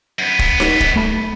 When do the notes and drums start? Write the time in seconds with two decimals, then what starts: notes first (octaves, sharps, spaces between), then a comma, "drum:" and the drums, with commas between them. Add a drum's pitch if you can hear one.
0.19 F#2 B3
0.39 drum: kick
0.60 drum: snare D#4
0.80 drum: kick
0.96 A3 B5